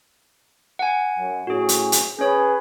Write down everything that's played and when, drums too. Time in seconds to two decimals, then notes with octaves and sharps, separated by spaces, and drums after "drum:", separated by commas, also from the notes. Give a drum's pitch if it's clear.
0.79 F#5 G#5
1.17 F#2
1.47 A2 C#4 F#4 G#4
1.69 drum: hi-hat
1.92 drum: hi-hat
2.19 C#4 G#4 B4 C#5